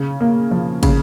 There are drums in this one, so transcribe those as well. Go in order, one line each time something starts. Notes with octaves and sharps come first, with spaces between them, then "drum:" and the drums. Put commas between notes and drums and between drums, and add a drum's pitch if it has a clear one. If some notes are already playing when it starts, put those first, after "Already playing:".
Already playing: C#3
A#3
F3
C#3, drum: kick, cymbal